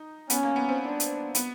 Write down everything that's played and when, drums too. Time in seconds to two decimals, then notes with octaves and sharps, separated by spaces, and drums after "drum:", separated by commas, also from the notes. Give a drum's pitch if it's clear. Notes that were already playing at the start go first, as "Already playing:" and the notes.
Already playing: D#4
0.30 B3 C#4, drum: hi-hat
0.43 A#3
0.56 B3
0.69 C4
0.82 D4
1.00 drum: hi-hat
1.35 B3, drum: hi-hat